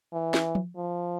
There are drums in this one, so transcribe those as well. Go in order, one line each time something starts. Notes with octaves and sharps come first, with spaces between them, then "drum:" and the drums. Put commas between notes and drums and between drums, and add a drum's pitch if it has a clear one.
E3
drum: snare
drum: tom
F3